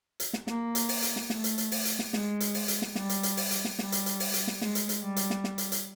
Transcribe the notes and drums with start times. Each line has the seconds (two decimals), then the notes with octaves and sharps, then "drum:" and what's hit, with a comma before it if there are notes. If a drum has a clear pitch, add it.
0.20 drum: hi-hat
0.33 drum: snare
0.47 A#3, drum: snare
0.75 drum: hi-hat
0.89 drum: open hi-hat
1.02 drum: hi-hat
1.16 drum: snare
1.30 A3, drum: snare
1.44 drum: hi-hat
1.58 drum: hi-hat
1.71 drum: open hi-hat
1.85 drum: hi-hat
1.99 drum: snare
2.13 G#3, drum: snare
2.40 drum: hi-hat
2.54 drum: open hi-hat
2.68 drum: hi-hat
2.82 drum: snare
2.95 G3, drum: snare
3.09 drum: hi-hat
3.23 drum: hi-hat
3.37 drum: open hi-hat
3.51 drum: hi-hat
3.65 drum: snare
3.79 G3, drum: snare
3.92 drum: hi-hat
4.06 drum: hi-hat
4.20 drum: open hi-hat
4.34 drum: hi-hat
4.47 drum: snare
4.61 G#3, drum: snare
4.75 drum: hi-hat
4.89 drum: hi-hat
5.03 G3
5.16 drum: hi-hat
5.30 drum: snare
5.44 drum: snare
5.58 drum: hi-hat
5.72 drum: hi-hat